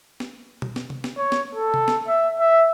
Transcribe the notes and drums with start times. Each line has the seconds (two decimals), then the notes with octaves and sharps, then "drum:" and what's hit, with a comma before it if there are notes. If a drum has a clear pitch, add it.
0.20 drum: snare
0.62 drum: tom B2
0.76 drum: snare
0.90 drum: tom C3
1.04 drum: snare
1.18 C#5
1.32 drum: snare
1.55 A4
1.74 drum: tom C3
1.88 drum: snare
2.08 E5
2.39 E5